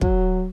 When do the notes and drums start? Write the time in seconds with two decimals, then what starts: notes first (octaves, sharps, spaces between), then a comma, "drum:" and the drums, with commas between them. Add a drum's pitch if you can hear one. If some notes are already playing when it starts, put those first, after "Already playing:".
0.01 F#3, drum: kick